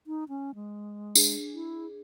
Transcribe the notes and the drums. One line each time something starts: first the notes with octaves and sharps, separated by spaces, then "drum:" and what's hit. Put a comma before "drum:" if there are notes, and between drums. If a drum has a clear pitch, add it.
D#4
C#4
G#3
D4 G#4, drum: tambourine
E4